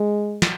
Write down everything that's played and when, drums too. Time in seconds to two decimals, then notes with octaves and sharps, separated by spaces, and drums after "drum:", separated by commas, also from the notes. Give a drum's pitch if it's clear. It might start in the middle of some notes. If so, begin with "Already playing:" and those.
Already playing: G#3
0.42 drum: snare